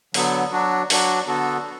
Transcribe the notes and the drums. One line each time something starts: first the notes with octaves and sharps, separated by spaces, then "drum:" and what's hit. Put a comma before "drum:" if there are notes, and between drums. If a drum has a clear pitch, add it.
D3 F#3 B3, drum: open hi-hat
F#3 D4 F#4
F#3 D4 F#4, drum: open hi-hat
D3 B3 F#4 A4